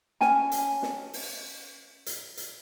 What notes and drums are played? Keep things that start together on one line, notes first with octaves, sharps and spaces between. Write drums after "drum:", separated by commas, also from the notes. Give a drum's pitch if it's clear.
C#4 G#5 A5, drum: snare
drum: hi-hat
drum: snare
drum: open hi-hat
drum: hi-hat
drum: hi-hat